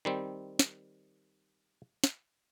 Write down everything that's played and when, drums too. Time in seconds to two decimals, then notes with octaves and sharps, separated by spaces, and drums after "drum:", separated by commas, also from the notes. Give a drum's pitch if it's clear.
0.05 D#3 G3 C4
0.59 drum: snare
2.04 drum: snare